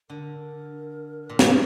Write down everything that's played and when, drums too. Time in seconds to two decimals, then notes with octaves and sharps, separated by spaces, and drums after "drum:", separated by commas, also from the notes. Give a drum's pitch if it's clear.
0.10 D3 A#4
1.30 A#2
1.39 G#2, drum: snare